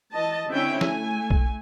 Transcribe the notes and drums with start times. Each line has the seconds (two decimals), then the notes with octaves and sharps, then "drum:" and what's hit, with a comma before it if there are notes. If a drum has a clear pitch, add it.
0.12 E3 D#5 A5
0.50 D3 C4 C#4 E4 E5 G5
0.81 A3 G#5, drum: snare
1.30 drum: kick B1